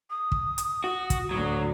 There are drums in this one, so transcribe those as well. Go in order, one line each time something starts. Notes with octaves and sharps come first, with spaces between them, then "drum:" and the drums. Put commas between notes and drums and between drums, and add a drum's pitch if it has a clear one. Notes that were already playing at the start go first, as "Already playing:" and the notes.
D#6
drum: kick
drum: hi-hat
F#4
drum: kick, hi-hat
D2 A2 F#3